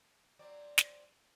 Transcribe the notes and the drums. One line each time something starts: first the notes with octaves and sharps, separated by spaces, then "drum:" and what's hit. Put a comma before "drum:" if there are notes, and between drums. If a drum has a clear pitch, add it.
F#3 C4 D5
drum: snare